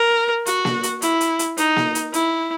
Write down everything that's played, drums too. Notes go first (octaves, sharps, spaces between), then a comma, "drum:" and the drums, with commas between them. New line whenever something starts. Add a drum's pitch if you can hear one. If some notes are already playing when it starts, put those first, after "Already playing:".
Already playing: A#4
F#4, drum: hi-hat
drum: snare A#3
drum: hi-hat
E4, drum: hi-hat
drum: hi-hat
drum: hi-hat
D#4, drum: hi-hat
drum: snare A#3
drum: hi-hat
E4, drum: hi-hat